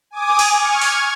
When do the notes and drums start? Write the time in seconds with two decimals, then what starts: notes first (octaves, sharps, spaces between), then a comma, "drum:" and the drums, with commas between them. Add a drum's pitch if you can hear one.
0.11 G#5 D6 D#6
0.39 drum: cymbal
0.56 C#6 F6 G#6
0.81 drum: open hi-hat